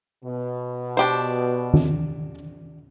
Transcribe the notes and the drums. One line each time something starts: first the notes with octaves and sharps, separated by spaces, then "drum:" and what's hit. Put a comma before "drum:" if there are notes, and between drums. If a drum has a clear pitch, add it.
B2
D4 G4 C5
drum: tom D#3